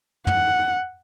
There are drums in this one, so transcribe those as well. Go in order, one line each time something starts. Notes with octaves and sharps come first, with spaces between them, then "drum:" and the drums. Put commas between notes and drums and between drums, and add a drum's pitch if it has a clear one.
F#5, drum: tom